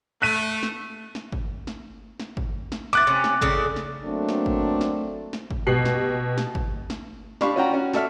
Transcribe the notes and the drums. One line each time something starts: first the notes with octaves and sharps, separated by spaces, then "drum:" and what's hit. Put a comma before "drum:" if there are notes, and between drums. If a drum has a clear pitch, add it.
A3 F#6 B6 D#7
drum: snare
drum: snare
drum: kick
drum: snare
drum: snare
drum: kick
drum: snare
B3 E4 D6 F#6 A6
C3 C#4
drum: snare
A2 C#3 D4, drum: kick
drum: snare
F#3 A3 A#3 C4 D4
drum: snare
drum: kick
drum: snare
drum: snare
drum: kick
B2 G4 C7 F#7
drum: snare
drum: snare
drum: kick
drum: snare
D4 G4 D5 F5 B5 C#6, drum: snare
C#4 F4 F#4 F#5 G5 A#5
C#4 F#4
F#4 A4 D5 E5 F6, drum: snare